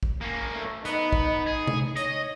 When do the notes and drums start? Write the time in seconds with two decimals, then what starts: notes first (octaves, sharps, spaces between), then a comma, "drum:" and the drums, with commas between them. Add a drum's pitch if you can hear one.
0.03 drum: kick
0.21 A#3 C#4
0.54 A3
0.85 B3 D#4, drum: hi-hat
1.13 drum: kick
1.46 G#4
1.67 drum: tom C3
1.97 C#5 D#5, drum: hi-hat